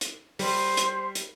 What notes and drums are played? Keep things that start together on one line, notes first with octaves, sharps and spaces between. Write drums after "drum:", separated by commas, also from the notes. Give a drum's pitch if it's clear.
drum: hi-hat
G3 C5, drum: open hi-hat
drum: hi-hat
drum: hi-hat